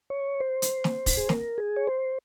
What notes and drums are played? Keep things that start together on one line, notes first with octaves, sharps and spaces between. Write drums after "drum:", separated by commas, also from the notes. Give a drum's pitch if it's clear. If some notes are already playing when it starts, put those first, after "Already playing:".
C#5
C5
drum: hi-hat
drum: snare
drum: kick, open hi-hat
G#4
A#4, drum: snare
G#4
C#5
C5